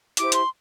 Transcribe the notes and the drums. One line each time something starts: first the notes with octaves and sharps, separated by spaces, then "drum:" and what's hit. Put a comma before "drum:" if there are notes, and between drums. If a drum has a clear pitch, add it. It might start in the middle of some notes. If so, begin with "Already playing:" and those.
E4 G4 C5 D6, drum: hi-hat
C6, drum: hi-hat